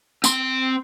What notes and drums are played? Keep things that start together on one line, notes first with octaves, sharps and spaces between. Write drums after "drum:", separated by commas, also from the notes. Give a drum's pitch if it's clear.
C4 C6, drum: tambourine